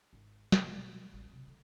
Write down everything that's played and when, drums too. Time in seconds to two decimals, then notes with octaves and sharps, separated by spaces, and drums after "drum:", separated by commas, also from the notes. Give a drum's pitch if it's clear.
0.13 G#1
0.52 C3, drum: snare
0.76 B2
1.12 D1 A1
1.30 C3 C4
1.47 D3